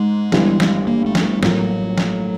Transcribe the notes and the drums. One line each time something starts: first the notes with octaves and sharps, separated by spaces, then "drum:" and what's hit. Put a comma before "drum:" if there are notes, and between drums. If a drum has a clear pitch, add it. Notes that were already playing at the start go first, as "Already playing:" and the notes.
Already playing: G#2 G#3
G1 G2 E3 G3, drum: snare
drum: snare
A#3
A3
drum: snare
A3
A1 A2 F3 F#3 A#3, drum: snare
drum: snare